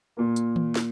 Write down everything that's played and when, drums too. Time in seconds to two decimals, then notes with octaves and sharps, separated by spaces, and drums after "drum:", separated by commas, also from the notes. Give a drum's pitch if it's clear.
0.17 A#2 A#3
0.36 drum: hi-hat
0.56 drum: tom D#3
0.75 drum: snare